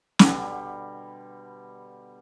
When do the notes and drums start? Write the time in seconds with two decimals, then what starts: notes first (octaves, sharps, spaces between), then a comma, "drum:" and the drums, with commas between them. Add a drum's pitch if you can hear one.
0.19 B2 D3 G3, drum: snare